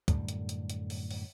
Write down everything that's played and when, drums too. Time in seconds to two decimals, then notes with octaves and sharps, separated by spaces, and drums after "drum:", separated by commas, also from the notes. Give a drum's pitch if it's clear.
0.08 F#2 A2 D3 G3, drum: kick, hi-hat
0.28 drum: hi-hat
0.49 drum: hi-hat
0.70 drum: hi-hat
0.90 drum: open hi-hat
1.11 drum: open hi-hat